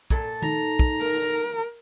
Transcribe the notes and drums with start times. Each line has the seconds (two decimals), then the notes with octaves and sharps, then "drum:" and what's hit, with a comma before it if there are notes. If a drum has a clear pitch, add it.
0.10 A#2 A4, drum: kick
0.42 D#4 A#5, drum: tom
0.79 drum: kick
1.01 A#4